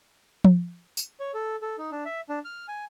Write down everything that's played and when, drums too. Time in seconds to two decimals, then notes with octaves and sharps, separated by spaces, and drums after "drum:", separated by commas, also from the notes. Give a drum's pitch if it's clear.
0.44 drum: tom F3
0.97 drum: tambourine
1.20 C#5
1.34 A4
1.62 A4
1.78 D#4
1.92 D4
2.05 E5
2.29 D4
2.45 F6
2.68 G#5